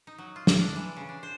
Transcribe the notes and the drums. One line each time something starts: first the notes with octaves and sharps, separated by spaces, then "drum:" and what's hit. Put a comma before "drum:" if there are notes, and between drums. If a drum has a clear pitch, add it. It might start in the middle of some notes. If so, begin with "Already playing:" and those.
D#4
F#3
F4
D5, drum: snare
D4
E3
C#3
D4
C5